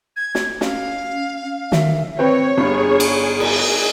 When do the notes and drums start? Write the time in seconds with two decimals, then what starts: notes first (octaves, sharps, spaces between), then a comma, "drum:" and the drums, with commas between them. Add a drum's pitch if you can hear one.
0.16 G#6
0.35 drum: snare
0.61 C#4 F5, drum: snare
1.72 D#3 E5, drum: snare
2.19 C4 B4 C#5 G5
2.57 G1 G2 G#4
3.00 drum: cymbal
3.40 drum: cymbal